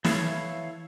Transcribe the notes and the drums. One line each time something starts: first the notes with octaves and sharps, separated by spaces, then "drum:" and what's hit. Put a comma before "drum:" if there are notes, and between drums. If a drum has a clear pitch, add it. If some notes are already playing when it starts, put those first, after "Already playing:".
E3 E4 A4 C#5 F5, drum: snare